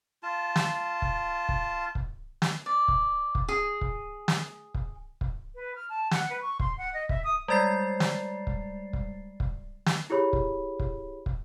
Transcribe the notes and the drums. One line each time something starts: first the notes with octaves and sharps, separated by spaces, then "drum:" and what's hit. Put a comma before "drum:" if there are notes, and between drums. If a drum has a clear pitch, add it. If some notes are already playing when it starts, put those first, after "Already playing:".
F4 A5
drum: snare
drum: kick
drum: kick
drum: kick
drum: snare
D5
drum: kick
drum: kick
G#4
drum: kick
drum: snare
drum: kick
drum: kick
B4
F6
A5
F#5, drum: snare
B4
C#6
C6, drum: kick
F#5
D#5
E5, drum: kick
D#6
G3 G#3 D5 A6 C7
drum: snare
drum: kick
drum: kick
drum: kick
drum: snare
E4 G4 G#4 C#5 B5
drum: kick
drum: kick
drum: kick